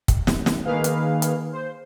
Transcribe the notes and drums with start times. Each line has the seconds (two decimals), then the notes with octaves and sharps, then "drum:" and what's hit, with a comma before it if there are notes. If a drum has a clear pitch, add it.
0.08 drum: kick, hi-hat
0.27 drum: snare
0.46 drum: snare
0.65 D#3 A#3 G#4 B4 F5
0.84 drum: hi-hat
1.22 drum: hi-hat
1.52 C5